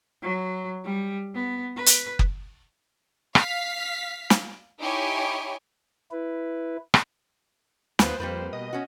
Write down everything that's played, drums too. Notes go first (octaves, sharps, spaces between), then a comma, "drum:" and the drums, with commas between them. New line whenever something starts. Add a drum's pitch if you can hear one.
F#3
G3
B3
B4
drum: hi-hat
drum: kick F#1
F5 B6, drum: rim click
drum: snare
D#4 E4 G4 C#5 G#5 D7
E4 B4
drum: rim click
D#2 B3 F4 B4 C5, drum: snare
F2 G3 A#3 B4
B2 D#5
C#4 F#4